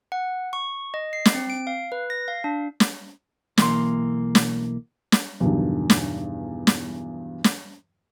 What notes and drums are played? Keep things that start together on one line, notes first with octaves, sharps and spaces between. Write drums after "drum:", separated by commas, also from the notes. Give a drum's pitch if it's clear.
F#5
C#6
D#5
C7
drum: snare
C4
D7
F5
B4
A#6
F5
D4
drum: snare
B1 E3 A#3 C6, drum: snare
drum: snare
drum: snare
E2 G2 B2 D3 D#3 F#3
drum: snare
drum: snare
drum: snare